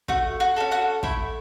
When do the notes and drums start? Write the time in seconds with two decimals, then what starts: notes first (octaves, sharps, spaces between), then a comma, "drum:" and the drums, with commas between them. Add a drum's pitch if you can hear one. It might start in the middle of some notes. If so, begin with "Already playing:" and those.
0.08 A3 F#4 F#5, drum: kick
0.40 F#4 F#5
0.56 C#4 F#4 A4
0.72 F#4 F#5
1.03 A3 E4 E5, drum: kick